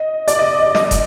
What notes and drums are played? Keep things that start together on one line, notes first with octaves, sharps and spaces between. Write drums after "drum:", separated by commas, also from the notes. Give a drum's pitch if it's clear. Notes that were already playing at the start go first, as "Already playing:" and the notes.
Already playing: D#5
D5, drum: hi-hat
D#5
D#5
D#5, drum: snare
drum: kick, hi-hat